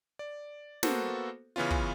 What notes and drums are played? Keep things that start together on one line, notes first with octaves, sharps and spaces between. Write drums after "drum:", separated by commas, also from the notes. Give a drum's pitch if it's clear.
D5
A#3 B3 F#4 A4 C5, drum: snare
C#3 E3 B3 C#4 F4
drum: kick